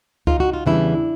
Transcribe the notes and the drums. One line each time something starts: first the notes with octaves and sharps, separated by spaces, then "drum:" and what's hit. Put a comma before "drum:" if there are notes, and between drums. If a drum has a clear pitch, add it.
D#4 F4, drum: kick C#2
F#4
F4
E2 C#3 E3 G3 D4 E4